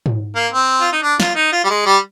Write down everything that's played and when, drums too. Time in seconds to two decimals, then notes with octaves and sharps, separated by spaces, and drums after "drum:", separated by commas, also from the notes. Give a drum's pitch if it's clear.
0.06 drum: tom G#2
0.36 A#3
0.52 C4
0.81 F4
0.92 D#4
1.03 D4
1.20 F4, drum: snare
1.35 D#4
1.52 F4
1.64 G3
1.70 G#3
1.86 G3